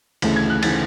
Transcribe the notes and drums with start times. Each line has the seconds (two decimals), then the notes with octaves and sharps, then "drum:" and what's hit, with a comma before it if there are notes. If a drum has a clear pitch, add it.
0.22 D2 C#3 E3 A3, drum: cymbal
0.36 G#6
0.50 F#6
0.63 C#3 E3 A3 A6, drum: cymbal